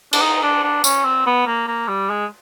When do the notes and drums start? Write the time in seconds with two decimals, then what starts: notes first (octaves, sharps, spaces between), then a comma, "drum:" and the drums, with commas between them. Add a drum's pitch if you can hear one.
0.13 D4, drum: cymbal
0.21 D#4
0.42 D4
0.63 D4
0.84 C#4, drum: tambourine
1.04 C4
1.26 B3
1.46 A#3
1.67 A#3
1.88 G3
2.10 G#3